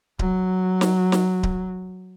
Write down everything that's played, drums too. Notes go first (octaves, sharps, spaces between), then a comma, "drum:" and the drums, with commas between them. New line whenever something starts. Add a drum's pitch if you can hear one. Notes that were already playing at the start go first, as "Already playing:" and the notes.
F#3, drum: kick D1
drum: snare
drum: snare
drum: kick D1